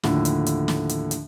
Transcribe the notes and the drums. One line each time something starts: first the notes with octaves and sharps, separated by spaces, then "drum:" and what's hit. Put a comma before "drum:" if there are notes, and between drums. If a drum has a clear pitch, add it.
D#2 A2 D3 F3, drum: snare
drum: hi-hat
drum: hi-hat
drum: snare
drum: hi-hat
drum: hi-hat